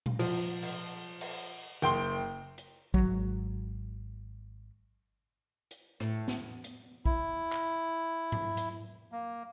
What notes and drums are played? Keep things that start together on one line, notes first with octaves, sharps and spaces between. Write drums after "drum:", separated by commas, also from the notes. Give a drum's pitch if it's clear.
drum: tom A#2
F3, drum: cymbal
drum: cymbal
drum: cymbal
F#1 G5 C6 G7, drum: hi-hat
drum: hi-hat
G#1 F#3, drum: kick
drum: hi-hat
A2, drum: rim click
drum: snare
drum: hi-hat
E4, drum: kick
drum: clap
drum: tom G#2
drum: hi-hat
A#3